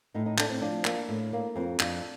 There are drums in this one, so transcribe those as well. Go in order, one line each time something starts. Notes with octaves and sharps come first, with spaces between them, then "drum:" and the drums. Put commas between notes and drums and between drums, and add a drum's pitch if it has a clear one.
A2 D#4
D#4
A3 D4, drum: clap
C4
F3 D4
A#3, drum: clap
A2
A#3
F2 C4
F2 D4, drum: clap